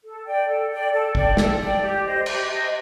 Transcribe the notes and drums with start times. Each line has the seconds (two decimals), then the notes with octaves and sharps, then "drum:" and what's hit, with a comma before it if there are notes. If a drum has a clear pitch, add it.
0.04 A4
0.26 D5 G5
0.48 A4
0.70 D5 G5
0.92 A4
1.15 D5 G5, drum: kick
1.37 A4, drum: snare
1.59 D5 G5
1.82 G4
2.04 C5 D#5
2.26 G4, drum: cymbal
2.48 C5 D#5